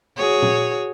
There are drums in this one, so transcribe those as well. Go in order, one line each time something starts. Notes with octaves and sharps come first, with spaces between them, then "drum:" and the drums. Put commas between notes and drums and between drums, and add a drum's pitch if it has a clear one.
F#4 G#4 C#5
drum: tom A#2